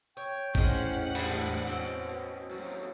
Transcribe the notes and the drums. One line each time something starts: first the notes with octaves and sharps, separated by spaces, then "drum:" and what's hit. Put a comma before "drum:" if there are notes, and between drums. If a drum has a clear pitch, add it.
C#5 G5
E2 A2 C#4 D#4 G#4 C5 F#5, drum: kick G#1
G3 D4 G#4 C5, drum: cymbal
B2 C4 C#4
D#2 F#3 C#5